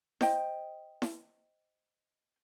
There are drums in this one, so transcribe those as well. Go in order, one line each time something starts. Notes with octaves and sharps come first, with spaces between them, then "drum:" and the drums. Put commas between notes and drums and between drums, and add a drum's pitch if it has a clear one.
C5 D#5 G5, drum: snare E4
drum: snare E4